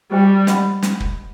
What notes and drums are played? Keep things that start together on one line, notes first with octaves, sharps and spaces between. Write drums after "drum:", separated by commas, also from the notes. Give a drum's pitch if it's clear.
G3 G4 C5 D#5 G5
C5 D#5 F#5 B5, drum: snare
drum: snare
drum: kick